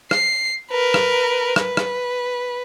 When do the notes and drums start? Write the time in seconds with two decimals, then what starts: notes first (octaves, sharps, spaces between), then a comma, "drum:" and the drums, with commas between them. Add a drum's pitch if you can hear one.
0.11 C7, drum: rim click
0.71 A#4 B4
0.94 drum: rim click
1.56 B4, drum: rim click
1.77 drum: rim click